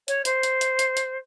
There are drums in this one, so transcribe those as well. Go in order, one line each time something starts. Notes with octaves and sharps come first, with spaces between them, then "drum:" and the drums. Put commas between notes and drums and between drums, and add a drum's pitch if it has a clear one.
C#5, drum: hi-hat
C5, drum: hi-hat
drum: hi-hat
drum: hi-hat
drum: hi-hat
drum: hi-hat